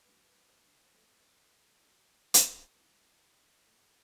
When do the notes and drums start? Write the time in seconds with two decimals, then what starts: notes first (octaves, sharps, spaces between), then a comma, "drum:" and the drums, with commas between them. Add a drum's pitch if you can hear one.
0.05 D3 F#3 A#3 B4
0.49 C5
0.94 F3 A3 C4 B4
1.85 F#3 A3 D4
2.34 drum: hi-hat
2.68 A#4
2.75 C3 D#3 G3 C4 E4 B4
3.66 A2 F#3 A#3 A4